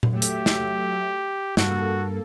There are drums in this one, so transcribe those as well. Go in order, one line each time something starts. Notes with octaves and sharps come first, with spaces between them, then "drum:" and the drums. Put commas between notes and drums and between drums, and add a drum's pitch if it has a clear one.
drum: tom A#2
F#3 A3 G4 E5
drum: hi-hat
drum: snare
G2 A#3 F#4 A4, drum: snare